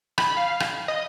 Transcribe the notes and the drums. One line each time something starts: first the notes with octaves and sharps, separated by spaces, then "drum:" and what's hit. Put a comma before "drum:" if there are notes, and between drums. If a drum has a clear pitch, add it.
B5, drum: rim click
F5
drum: rim click
D#5